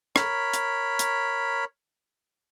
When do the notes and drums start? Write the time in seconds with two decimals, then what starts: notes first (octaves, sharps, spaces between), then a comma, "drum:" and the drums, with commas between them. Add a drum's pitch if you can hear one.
0.16 A#4 C#5 B5, drum: rim click
0.54 drum: hi-hat
0.99 drum: hi-hat